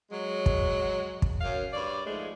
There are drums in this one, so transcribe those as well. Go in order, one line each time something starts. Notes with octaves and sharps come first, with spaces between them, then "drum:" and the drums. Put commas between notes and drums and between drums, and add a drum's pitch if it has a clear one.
F#3 G#3
drum: kick
drum: kick
F#2 F5
G2 C#5 D5
G#2 F3 G#3 A3